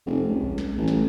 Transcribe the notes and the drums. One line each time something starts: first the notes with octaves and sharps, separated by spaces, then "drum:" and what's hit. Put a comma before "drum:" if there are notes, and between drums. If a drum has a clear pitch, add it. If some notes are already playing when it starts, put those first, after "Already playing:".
F1
C#2
drum: kick A#1
drum: snare
A1
drum: snare